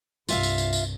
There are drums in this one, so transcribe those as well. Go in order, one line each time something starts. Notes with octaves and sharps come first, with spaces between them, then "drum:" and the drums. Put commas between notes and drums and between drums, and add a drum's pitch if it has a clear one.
C2 G2 F4 E5 F5, drum: tambourine
drum: tambourine
drum: tambourine
drum: tambourine